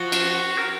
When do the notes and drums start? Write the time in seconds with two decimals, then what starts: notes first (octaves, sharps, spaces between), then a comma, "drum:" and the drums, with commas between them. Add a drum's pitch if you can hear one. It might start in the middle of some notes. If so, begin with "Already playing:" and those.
Already playing: F3 F4 F#4
0.12 drum: cymbal
0.31 F#4
0.58 A#4